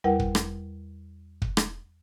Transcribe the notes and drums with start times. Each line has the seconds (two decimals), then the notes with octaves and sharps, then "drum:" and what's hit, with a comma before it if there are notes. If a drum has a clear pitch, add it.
0.04 E2 G3 E4 A#4 B4 F#5
0.19 drum: kick
0.35 drum: rim click
1.42 drum: kick
1.57 drum: rim click